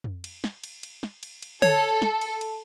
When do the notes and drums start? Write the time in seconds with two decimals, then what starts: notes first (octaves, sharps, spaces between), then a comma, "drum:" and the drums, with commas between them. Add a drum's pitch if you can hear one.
0.04 drum: tom F2
0.24 drum: cymbal
0.44 drum: snare
0.64 drum: cymbal
0.83 drum: cymbal
1.03 drum: snare
1.23 drum: cymbal
1.42 drum: cymbal
1.62 A4 C#5, drum: tom D3
2.02 drum: snare
2.21 drum: cymbal
2.41 drum: cymbal